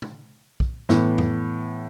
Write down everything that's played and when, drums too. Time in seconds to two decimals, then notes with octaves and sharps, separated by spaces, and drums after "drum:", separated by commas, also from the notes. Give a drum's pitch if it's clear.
0.02 drum: tom
0.60 drum: kick
0.89 A2 E3 B3, drum: snare
1.18 drum: tom F2